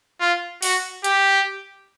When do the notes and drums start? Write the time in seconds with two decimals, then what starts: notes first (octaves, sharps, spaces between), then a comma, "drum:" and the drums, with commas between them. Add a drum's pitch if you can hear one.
0.20 F4
0.62 F#4, drum: open hi-hat
1.04 G4, drum: hi-hat